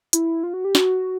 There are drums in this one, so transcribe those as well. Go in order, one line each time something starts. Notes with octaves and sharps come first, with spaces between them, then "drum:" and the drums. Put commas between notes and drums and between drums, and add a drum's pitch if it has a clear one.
E4, drum: hi-hat
F4
F#4
G4
F#4, drum: snare